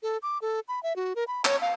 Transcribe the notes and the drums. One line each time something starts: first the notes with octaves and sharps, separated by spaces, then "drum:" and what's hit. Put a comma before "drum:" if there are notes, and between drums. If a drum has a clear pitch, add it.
A4
D6
A4
B5
E5
F#4
A#4
B5
C#5, drum: clap
F5